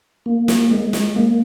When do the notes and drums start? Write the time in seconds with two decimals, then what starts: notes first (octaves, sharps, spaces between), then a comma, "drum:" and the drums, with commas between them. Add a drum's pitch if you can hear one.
0.26 A#3
0.48 drum: snare
0.71 G#3
0.93 drum: snare
1.16 A#3